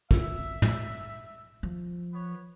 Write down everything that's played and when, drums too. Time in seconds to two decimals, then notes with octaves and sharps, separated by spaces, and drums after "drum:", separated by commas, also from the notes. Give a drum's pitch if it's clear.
0.11 E5, drum: kick
0.62 drum: tom
1.63 F3
2.13 B3 B4 C#5